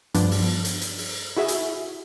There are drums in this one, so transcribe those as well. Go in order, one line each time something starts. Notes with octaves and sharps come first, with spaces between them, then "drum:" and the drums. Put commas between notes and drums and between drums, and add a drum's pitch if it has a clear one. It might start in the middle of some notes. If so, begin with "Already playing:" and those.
G2 F3 B3 D4, drum: hi-hat
drum: open hi-hat
drum: hi-hat
drum: hi-hat
drum: open hi-hat
E4 F#4 G#4 E5
drum: hi-hat